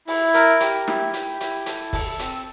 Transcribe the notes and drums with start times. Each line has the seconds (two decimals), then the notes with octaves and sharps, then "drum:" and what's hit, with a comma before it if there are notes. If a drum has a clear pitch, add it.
0.07 E4, drum: open hi-hat
0.34 A#4, drum: hi-hat
0.60 G4, drum: hi-hat
0.88 E4, drum: snare
1.13 G4, drum: hi-hat
1.40 E4, drum: hi-hat
1.66 A4, drum: hi-hat
1.93 A4, drum: kick, open hi-hat
2.19 C4, drum: hi-hat